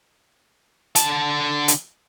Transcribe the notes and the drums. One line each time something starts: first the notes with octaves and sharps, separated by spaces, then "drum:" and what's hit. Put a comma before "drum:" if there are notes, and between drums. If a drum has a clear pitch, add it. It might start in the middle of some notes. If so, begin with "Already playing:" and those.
D3 A5, drum: hi-hat
drum: hi-hat